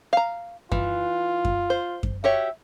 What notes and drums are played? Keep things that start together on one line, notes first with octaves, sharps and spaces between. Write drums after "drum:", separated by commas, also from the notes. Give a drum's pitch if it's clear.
F5 A#5
E3 F4, drum: kick F#2
drum: kick F#2
C5
drum: kick F#2
F#4 G4 C#5 E5